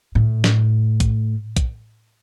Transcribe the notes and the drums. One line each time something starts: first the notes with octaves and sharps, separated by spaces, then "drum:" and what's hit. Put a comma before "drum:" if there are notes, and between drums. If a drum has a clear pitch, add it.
A2
drum: snare
drum: kick, hi-hat
drum: kick, hi-hat